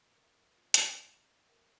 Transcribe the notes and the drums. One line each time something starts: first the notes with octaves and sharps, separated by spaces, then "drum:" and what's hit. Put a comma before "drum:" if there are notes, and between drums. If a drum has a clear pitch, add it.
E4 F4 A#4 C#5 D5
B2 D3 E3 F3
F3 F#3, drum: hi-hat
G#5 A5 C6
F#2 E3 G3 D4 F#4 D6